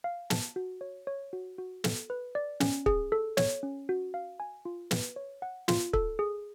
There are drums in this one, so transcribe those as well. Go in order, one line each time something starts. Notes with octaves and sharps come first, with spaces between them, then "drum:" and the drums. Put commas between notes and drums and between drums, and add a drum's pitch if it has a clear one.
F5
A5, drum: snare
F#4
C#5
C#5
F#4
F#4
A4, drum: snare
B4
D5
C#4, drum: snare
G#4, drum: kick
A4
C#5, drum: snare
C#4
F#4
F5
G#5
F4
B4, drum: snare
C#5
F#5
F4, drum: snare
A4, drum: kick
G#4